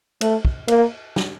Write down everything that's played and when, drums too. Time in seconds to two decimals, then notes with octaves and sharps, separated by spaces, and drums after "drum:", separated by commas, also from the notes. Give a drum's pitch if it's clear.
0.21 A3, drum: cymbal
0.45 drum: kick
0.68 A#3, drum: cymbal
1.16 drum: snare